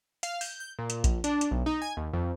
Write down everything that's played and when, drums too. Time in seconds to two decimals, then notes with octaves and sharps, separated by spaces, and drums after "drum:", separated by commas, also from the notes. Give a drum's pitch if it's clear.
0.23 F5, drum: hi-hat
0.41 G6, drum: open hi-hat
0.60 G6
0.79 A#2
0.90 drum: hi-hat
1.04 A#1, drum: kick A#1, hi-hat
1.24 D4, drum: hi-hat
1.41 drum: hi-hat
1.51 B1
1.66 D#4
1.82 G#5
1.97 D#2
2.13 F2